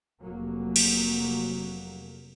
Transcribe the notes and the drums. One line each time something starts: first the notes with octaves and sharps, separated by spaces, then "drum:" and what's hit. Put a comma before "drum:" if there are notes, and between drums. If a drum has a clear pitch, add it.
F1 F#3 A#3
drum: cymbal